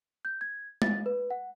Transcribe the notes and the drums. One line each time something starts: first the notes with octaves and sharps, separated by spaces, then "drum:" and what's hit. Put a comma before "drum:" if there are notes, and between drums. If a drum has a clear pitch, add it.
G6
G#6
A6, drum: tom G#3
B4
F#5